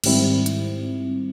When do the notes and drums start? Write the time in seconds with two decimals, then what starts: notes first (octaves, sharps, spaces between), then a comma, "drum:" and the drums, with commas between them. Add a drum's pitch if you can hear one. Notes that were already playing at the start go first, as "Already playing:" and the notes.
0.04 G#2 D#3 G3 C4 E4, drum: cymbal
0.46 drum: hi-hat